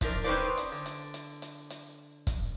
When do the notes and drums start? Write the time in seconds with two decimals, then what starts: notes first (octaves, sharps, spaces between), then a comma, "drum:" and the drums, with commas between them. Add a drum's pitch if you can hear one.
0.01 F#2 F3 D4 A#4, drum: kick, hi-hat
0.24 C4 C#4 D#4 B4 C5 D5
0.57 drum: hi-hat
0.72 D3
0.86 drum: hi-hat
1.14 drum: hi-hat
1.42 drum: hi-hat
1.70 drum: hi-hat
2.27 drum: kick, hi-hat